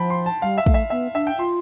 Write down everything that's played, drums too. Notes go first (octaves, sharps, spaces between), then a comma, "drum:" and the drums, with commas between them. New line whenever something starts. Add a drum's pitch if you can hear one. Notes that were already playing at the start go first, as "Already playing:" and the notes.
Already playing: F3 G5 A5 B5
C6
A5
G3 F5
E5
A3, drum: kick
E5
B3 E5
D4 E5
G5
F4 C6